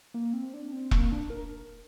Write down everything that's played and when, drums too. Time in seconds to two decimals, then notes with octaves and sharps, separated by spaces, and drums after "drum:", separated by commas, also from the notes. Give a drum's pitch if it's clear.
0.14 A#3
0.33 C4
0.54 D4
0.72 C4
0.91 A#3, drum: kick E1
1.12 D4
1.30 A#4